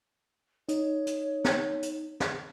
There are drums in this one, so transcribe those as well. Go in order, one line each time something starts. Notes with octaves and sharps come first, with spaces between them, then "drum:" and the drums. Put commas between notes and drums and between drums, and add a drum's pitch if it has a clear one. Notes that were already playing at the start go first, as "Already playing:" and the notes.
D#4 C#5, drum: hi-hat
drum: hi-hat
drum: snare
drum: hi-hat
drum: snare